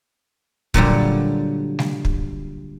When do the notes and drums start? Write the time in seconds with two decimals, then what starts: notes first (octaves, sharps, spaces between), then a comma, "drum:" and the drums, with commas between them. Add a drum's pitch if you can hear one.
0.74 A#2 D3 F#3 G3, drum: kick
1.79 drum: snare G3
2.05 drum: kick